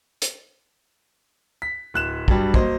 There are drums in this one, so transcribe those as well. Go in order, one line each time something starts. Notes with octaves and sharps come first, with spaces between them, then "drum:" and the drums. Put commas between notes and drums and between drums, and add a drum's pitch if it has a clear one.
drum: hi-hat
B6
D1 F#6 E7
G2 F#3 G3, drum: kick
F#3 A#3 C5 D#5, drum: kick